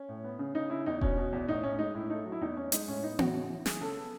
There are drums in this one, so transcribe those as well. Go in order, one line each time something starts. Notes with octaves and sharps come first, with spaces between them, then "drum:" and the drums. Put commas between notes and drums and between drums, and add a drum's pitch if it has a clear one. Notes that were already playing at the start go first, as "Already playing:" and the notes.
Already playing: C#4
A2
B3
C#3
C#3 D#4
C#3 E4
E2 D#4
B2 C#4, drum: kick E1
B2
E2
A2 D#4
A2 C#4
G#3 D#4
A2 E4
A3 D#4
F#3
E4
E2 D#4
E2 C#4
G#3 D#4, drum: hi-hat
A2 C#4
B3 D#4
A2 F#4, drum: tom B3
C#3
E3
E3 G#4, drum: snare
C#3 A4
B3